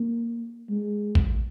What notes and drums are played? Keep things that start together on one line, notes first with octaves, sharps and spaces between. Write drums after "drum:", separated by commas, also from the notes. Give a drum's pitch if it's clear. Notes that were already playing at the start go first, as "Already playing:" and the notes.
Already playing: A#3
G#3
drum: kick A1